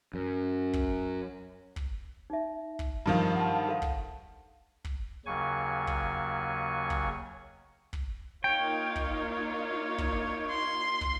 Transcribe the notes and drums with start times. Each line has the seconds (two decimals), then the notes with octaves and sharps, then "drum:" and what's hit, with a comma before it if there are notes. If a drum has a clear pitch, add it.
0.14 F#2
0.73 drum: kick
1.76 drum: kick
2.30 D#4 E5
2.79 drum: kick
3.06 G2 D#3 F3
3.36 F#5 A5
3.69 A4 F5
3.82 drum: kick
4.84 drum: kick
5.26 D#2 C#3 F#3 G#5 C#6
5.87 drum: kick
6.90 drum: kick
7.93 drum: kick
8.44 A#3 D#4 F4 C#5 G5
8.96 drum: kick
9.98 drum: kick
10.50 C6
11.01 drum: kick